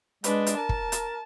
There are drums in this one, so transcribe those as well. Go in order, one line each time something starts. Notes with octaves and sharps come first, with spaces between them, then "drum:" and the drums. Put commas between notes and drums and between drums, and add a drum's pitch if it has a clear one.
G#3 D4 B4, drum: hi-hat
drum: hi-hat
A#4 A5
drum: kick
drum: hi-hat